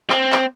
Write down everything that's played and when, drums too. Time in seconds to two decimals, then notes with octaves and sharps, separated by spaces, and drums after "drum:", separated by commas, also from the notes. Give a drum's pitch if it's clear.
0.10 C4, drum: clap
0.32 drum: clap